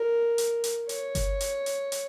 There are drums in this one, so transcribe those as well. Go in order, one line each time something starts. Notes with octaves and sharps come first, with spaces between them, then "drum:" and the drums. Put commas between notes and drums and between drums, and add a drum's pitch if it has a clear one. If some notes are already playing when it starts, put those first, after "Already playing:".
Already playing: A#4
drum: hi-hat
drum: hi-hat
C#5, drum: hi-hat
drum: kick G1, hi-hat
drum: hi-hat
drum: hi-hat
drum: hi-hat